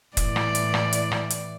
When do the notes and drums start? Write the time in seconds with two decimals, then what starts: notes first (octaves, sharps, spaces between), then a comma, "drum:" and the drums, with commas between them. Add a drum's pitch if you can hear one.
0.17 A2 E3 D5, drum: kick, hi-hat
0.36 drum: rim click
0.55 drum: hi-hat
0.74 drum: rim click
0.93 drum: hi-hat
1.12 drum: rim click
1.30 drum: hi-hat